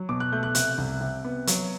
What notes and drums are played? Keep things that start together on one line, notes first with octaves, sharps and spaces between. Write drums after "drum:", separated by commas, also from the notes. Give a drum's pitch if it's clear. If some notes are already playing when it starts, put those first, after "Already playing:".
Already playing: F#3
B2 D6
F#6
A3 G6
F#6
C3 F#6, drum: hi-hat
C2
C3
B3
F#3, drum: hi-hat